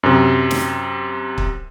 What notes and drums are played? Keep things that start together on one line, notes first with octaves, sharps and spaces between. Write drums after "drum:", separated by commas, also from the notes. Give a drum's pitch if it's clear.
F#2 C3
drum: snare
drum: kick